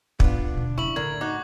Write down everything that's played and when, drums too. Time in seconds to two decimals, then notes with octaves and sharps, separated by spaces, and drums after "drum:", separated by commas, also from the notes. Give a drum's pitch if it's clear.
0.20 B3 D4 F4, drum: kick
0.53 B2 D3
0.78 F2 C#3 E4 C#6 F#7
0.96 A2 D3 A#4 G#6
1.21 D#4 F#4 D6 F#6 G#6